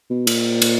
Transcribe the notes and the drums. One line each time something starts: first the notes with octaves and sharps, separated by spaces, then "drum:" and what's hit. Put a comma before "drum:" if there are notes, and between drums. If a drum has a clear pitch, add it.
B2
A#2, drum: cymbal
drum: cymbal